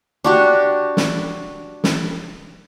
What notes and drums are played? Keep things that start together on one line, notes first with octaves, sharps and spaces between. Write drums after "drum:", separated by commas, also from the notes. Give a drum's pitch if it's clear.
D4 F#4 G4
drum: snare
drum: snare